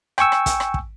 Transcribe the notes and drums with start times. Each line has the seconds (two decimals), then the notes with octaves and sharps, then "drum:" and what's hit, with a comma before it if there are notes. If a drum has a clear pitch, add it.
0.18 G5 G#5 C#6 E6, drum: rim click
0.32 drum: rim click
0.46 drum: kick, hi-hat
0.60 drum: rim click
0.74 drum: kick